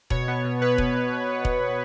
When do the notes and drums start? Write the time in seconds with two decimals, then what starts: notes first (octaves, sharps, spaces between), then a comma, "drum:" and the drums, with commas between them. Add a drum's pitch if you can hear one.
0.10 B2 C#5, drum: kick E1
0.28 B3
0.45 B2
0.61 B2 B4
0.78 B2, drum: kick E1
0.95 B2
1.45 drum: kick E1